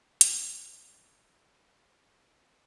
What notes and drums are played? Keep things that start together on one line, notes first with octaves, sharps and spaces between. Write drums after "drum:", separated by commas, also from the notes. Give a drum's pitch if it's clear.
E3 G#3 A3 B3 C#4, drum: hi-hat